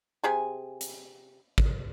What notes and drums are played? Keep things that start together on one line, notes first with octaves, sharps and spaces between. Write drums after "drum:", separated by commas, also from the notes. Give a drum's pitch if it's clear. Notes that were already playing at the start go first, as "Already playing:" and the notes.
C3 G#4 G#5
drum: hi-hat
drum: kick